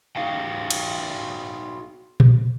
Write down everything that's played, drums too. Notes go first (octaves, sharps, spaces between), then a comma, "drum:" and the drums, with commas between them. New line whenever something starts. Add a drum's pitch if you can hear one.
D#4 F#4 F5 G5
drum: cymbal
drum: tom A#2